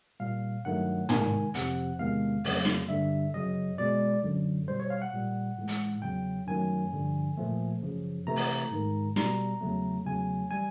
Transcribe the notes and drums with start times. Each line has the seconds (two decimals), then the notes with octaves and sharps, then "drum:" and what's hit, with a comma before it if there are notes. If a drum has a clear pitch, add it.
0.20 A#2 G3 F5
0.65 G2 D#3 F#3 A3 F#5
1.09 C3 D#3 G#3 G#5, drum: tom
1.54 F2 C3 F3 F#5, drum: hi-hat
1.99 E2 C3 D#3 G#3 F5
2.44 F2 C#3 F#3 A3, drum: open hi-hat
2.65 drum: snare
2.89 G2 D3 G3 E5
3.34 F#2 C#3 F#3 D#5
3.78 B2 G#3 D5
4.23 F#2 D3 F#3
4.68 B2 G3 C5
4.80 C#5
4.90 F5
5.02 F#5
5.13 A#2 G3
5.58 A2 E3 G#3
5.68 drum: hi-hat
6.02 E2 C#3 F#3 G5
6.47 F#2 D#3 F#3 A3 G#5
6.92 G2 D3 F3
7.38 A#2 F3 A3
7.82 F#2 C#3 F3
8.27 C3 E3 A3 A#5
8.36 drum: open hi-hat
8.71 G#2 D#3 G#3
9.16 B2 G3 A#5, drum: snare
9.61 E2 C#3 F#3 A3
10.05 E2 C#3 F#3 A3 G#5
10.51 E3 G3 G#5